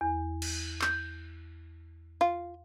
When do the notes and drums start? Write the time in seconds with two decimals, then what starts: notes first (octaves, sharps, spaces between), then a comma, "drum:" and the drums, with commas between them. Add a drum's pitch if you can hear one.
0.01 E2
0.42 drum: cymbal
0.81 G6, drum: clap
2.21 F4